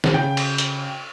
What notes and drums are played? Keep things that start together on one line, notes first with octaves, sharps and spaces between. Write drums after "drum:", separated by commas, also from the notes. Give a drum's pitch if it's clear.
drum: snare
C#3 G5
drum: cymbal
drum: hi-hat